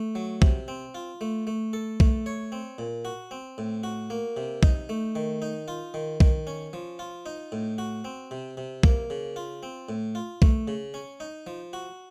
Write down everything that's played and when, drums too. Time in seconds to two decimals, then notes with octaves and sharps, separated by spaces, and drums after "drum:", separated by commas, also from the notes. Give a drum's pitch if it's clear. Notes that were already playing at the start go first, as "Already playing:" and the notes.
Already playing: A3
0.15 F#3
0.42 C3, drum: kick B1
0.68 C4
0.95 F4
1.21 A3
1.47 A3
1.73 A4
2.00 A3, drum: kick B1
2.26 C#5
2.52 C4
2.78 A#2
3.05 F#4
3.31 C4
3.58 A2
3.83 F#4
4.10 A#3
4.37 C3
4.63 D#4, drum: kick B1
4.89 A3
5.15 D#3
5.42 D#4
5.68 F4
5.94 D#3
6.20 D#3, drum: kick B1
6.47 C#4
6.73 F3
6.99 F4
7.26 D#4
7.52 A2
7.78 F#4
8.05 C4
8.31 C3
8.57 C3
8.83 A#3, drum: kick B1
9.10 C#3
9.36 F4
9.63 C4
9.89 A2
10.15 F4
10.42 A3, drum: kick B1
10.68 C#3
10.94 C#4
11.20 D#4
11.47 F3
11.73 F#4